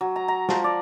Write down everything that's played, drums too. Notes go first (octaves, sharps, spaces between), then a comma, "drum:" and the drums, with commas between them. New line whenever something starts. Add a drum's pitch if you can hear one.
F#3
A#5
A#5
F3, drum: snare
D5